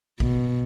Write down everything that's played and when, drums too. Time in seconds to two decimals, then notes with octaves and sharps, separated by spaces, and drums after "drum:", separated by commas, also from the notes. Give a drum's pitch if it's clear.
0.20 B2, drum: kick A#1